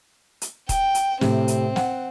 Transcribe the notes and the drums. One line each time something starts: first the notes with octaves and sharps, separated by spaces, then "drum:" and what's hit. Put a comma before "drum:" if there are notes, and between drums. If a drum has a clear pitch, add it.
drum: hi-hat
G5, drum: kick D#1, hi-hat
drum: hi-hat
A2 C3 C4, drum: snare
drum: hi-hat
F#5, drum: snare